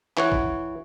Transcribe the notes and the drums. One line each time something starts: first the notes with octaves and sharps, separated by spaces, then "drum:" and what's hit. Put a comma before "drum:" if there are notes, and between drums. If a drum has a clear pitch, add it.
E3 C#5 F#5, drum: clap
drum: kick